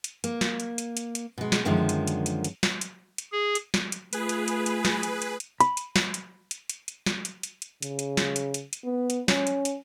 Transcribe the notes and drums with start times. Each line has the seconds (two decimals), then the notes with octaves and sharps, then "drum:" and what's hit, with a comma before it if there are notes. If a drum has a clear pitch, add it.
0.04 drum: hi-hat
0.24 A#3, drum: hi-hat
0.41 drum: snare
0.60 drum: hi-hat
0.78 drum: hi-hat
0.97 drum: hi-hat
1.15 drum: hi-hat
1.38 B2 G#3
1.52 drum: snare
1.65 F#2 D3 D#3 F3 G#3
1.89 drum: hi-hat
2.07 drum: hi-hat
2.26 drum: hi-hat
2.44 drum: hi-hat
2.63 drum: snare
2.81 drum: hi-hat
3.18 drum: hi-hat
3.32 G#4
3.55 drum: hi-hat
3.74 drum: snare
3.92 drum: hi-hat
4.13 A3 F4 G#4 B4, drum: hi-hat
4.29 drum: hi-hat
4.48 drum: hi-hat
4.66 drum: hi-hat
4.85 drum: snare
5.03 drum: hi-hat
5.22 drum: hi-hat
5.40 drum: hi-hat
5.60 B5, drum: hi-hat
5.77 drum: hi-hat
5.96 drum: snare
6.14 drum: hi-hat
6.51 drum: hi-hat
6.69 drum: hi-hat
6.88 drum: hi-hat
7.06 drum: snare
7.25 drum: hi-hat
7.43 drum: hi-hat
7.62 drum: hi-hat
7.82 C#3, drum: hi-hat
7.99 drum: hi-hat
8.17 drum: snare
8.36 drum: hi-hat
8.54 drum: hi-hat
8.73 drum: hi-hat
8.84 B3
9.10 drum: hi-hat
9.28 C#4, drum: snare
9.47 drum: hi-hat
9.65 drum: hi-hat